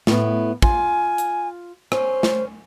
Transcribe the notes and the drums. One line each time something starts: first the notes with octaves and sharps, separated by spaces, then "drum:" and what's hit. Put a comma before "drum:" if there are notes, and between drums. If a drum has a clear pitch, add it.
A2 B3, drum: snare
F4 G#5, drum: kick
drum: hi-hat
C#4 C5, drum: rim click
drum: snare